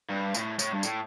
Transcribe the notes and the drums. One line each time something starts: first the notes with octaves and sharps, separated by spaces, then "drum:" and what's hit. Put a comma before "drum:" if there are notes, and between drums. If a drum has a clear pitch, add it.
G2
A2, drum: tambourine
A2, drum: tambourine
G2
A2, drum: tambourine